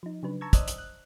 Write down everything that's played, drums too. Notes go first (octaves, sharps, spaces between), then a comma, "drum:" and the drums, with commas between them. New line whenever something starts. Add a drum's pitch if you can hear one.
F3 D#4
C#3 F#3 D4 B4
A5 A#5 C#6 E6 G#6
C5 D5 D#5 D#6 E6 F#6, drum: kick, hi-hat
drum: hi-hat
F#6